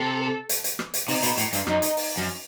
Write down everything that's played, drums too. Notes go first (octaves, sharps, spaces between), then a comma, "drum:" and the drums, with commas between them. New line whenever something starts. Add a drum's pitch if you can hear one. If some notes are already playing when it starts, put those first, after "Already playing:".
Already playing: C3 A4
drum: hi-hat
drum: hi-hat
drum: rim click
drum: hi-hat
C3 D#4, drum: open hi-hat
B2, drum: hi-hat
A2, drum: hi-hat
G2, drum: hi-hat
F#2 D#4, drum: rim click
drum: hi-hat
drum: open hi-hat
F#2